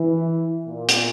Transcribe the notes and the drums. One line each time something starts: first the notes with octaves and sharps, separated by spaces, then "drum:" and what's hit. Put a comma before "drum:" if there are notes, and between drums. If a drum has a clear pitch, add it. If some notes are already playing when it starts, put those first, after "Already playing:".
Already playing: E3
A#2
drum: hi-hat